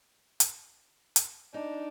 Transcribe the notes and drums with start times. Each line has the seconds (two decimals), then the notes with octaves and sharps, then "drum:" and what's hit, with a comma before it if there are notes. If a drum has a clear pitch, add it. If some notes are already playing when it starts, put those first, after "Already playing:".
0.40 drum: hi-hat
1.16 drum: hi-hat
1.54 D4 D#4